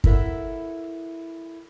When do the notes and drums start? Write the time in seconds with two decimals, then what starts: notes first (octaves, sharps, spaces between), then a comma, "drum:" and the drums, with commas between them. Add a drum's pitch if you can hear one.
0.04 E4 A4 A#4 C#5 E5 F#5, drum: kick